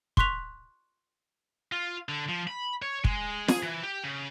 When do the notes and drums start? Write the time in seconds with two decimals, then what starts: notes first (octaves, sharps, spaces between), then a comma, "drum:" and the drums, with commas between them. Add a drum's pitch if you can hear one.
0.17 C6 C#6 F#6 B6 F7, drum: kick
1.72 F4
2.09 D3
2.29 F3
2.47 B5
2.82 C#5
3.04 G#3, drum: kick
3.48 G#4, drum: snare
3.63 E3
3.83 G4
4.04 C#3